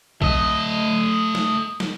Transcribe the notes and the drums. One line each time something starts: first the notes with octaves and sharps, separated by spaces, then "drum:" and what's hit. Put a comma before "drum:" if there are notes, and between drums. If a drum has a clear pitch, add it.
A3 D#5, drum: kick B1
drum: snare
drum: snare